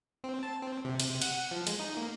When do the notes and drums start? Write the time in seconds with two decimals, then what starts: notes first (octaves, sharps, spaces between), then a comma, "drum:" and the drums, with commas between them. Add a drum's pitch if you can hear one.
0.24 C4
0.43 A5
0.62 C4
0.85 C3
1.00 drum: cymbal
1.22 F#5, drum: cymbal
1.51 F3
1.67 G#3, drum: cymbal
1.79 D#4
1.97 A#3